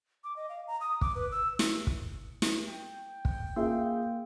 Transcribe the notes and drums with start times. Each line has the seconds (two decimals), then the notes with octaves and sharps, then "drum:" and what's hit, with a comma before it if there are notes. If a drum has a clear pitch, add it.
0.24 D6
0.36 D#5
0.49 F5
0.67 A#5
0.81 D#6
1.01 D6, drum: kick
1.15 B4
1.32 E6
1.59 drum: snare
1.87 drum: kick
2.42 drum: snare
2.66 G5
3.25 drum: kick
3.56 A#3 F4 G#4 E5